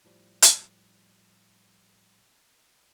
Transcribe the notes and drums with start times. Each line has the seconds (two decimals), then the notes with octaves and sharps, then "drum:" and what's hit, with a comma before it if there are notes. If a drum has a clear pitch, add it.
0.04 A2 F3 G3
0.42 drum: hi-hat